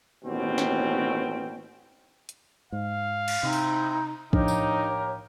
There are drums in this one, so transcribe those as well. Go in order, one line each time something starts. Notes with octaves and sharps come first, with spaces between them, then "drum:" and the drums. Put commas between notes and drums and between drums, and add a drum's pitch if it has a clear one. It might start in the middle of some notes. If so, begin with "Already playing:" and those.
A1 D#2 B2 C4 C#4 G5
drum: snare
drum: hi-hat
G#2 F5
drum: cymbal
C3 G#3 C4 D#4 E4
drum: open hi-hat
A2 F3 A#3 D4 D#4 G4 A#4 C#5, drum: kick
drum: tambourine